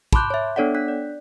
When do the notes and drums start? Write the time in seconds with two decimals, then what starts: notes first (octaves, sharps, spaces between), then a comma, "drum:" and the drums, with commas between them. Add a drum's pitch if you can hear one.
0.13 A5 B5 C6 D6 F#6 G6, drum: kick
0.30 C#5 E5
0.56 B3 D4 A4 C#5 D5 F#5
0.75 D4 F#6 B6
0.88 D5